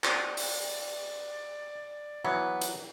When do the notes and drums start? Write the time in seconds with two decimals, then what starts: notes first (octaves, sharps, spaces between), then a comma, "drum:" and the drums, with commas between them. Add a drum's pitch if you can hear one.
0.04 C4 D5, drum: clap
0.37 drum: open hi-hat
2.25 E3 F#3 B3
2.61 drum: hi-hat